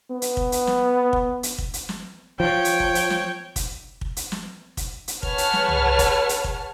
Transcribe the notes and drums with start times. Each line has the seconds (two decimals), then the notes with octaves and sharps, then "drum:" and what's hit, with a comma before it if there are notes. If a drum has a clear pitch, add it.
0.11 B3
0.22 drum: hi-hat
0.37 drum: kick
0.52 drum: hi-hat
0.67 drum: snare
1.13 drum: kick
1.43 drum: hi-hat
1.58 drum: kick
1.74 drum: hi-hat
1.89 drum: snare
2.40 F3 C#5 G5
2.65 drum: hi-hat
2.80 drum: kick
2.95 drum: hi-hat
3.10 drum: snare
3.56 drum: kick, hi-hat
4.01 drum: kick
4.17 drum: hi-hat
4.32 drum: snare
4.77 drum: kick, hi-hat
5.08 drum: hi-hat
5.23 G#4 B4 C#5 F#5 A5 F6, drum: kick
5.38 drum: hi-hat
5.53 drum: snare
5.68 drum: tom
5.99 drum: kick, hi-hat
6.29 drum: hi-hat
6.44 drum: kick